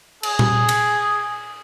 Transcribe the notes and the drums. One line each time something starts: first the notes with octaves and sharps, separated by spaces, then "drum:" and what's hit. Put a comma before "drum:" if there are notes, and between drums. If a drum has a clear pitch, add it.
G#4, drum: cymbal
drum: tom A#2
drum: cymbal